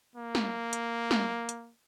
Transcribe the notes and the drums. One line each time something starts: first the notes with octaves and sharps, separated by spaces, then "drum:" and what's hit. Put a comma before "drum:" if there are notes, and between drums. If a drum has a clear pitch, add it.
A#3
drum: snare
drum: hi-hat
drum: snare
drum: hi-hat